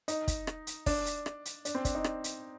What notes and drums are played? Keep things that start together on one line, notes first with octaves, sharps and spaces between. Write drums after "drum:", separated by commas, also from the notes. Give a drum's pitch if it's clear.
D#4, drum: hi-hat
drum: kick, hi-hat
drum: rim click
drum: hi-hat
D4, drum: kick, open hi-hat
drum: hi-hat
drum: rim click
drum: hi-hat
D4, drum: hi-hat
C4
D4, drum: kick, hi-hat
D#4
drum: rim click
drum: hi-hat